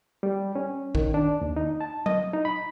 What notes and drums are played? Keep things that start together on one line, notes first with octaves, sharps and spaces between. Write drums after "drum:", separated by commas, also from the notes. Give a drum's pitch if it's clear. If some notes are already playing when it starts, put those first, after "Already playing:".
G3
C#4
D#3, drum: kick
D4
D#2
D#4
A5
D#5, drum: tom F#3
D#4
B5